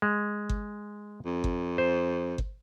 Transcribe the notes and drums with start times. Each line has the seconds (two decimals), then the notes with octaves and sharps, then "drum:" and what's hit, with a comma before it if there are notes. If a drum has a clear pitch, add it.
0.02 G#3
0.49 drum: kick G1
1.26 F2
1.44 drum: kick G1
1.78 C5
2.38 drum: kick G1